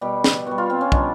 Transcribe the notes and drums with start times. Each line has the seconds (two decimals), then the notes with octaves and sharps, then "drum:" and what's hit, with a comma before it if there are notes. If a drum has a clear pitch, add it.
0.01 B2 G3 G4
0.24 drum: snare
0.47 B2 G3 F#4
0.58 F4
0.70 C4
0.81 C#4
0.92 B2 G3 D4, drum: kick